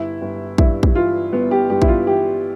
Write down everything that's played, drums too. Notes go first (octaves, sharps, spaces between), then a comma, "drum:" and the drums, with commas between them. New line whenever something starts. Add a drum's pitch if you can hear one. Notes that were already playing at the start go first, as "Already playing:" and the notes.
Already playing: G1 E4
G1
G2 E4, drum: kick
drum: kick
E3 F4
G1 B3
G4
G2 G4
E4, drum: kick
F4
E3 G4